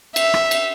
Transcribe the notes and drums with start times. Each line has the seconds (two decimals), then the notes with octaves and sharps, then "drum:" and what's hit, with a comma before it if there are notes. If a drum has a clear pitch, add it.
0.16 E5, drum: cymbal
0.34 drum: rim click
0.51 drum: cymbal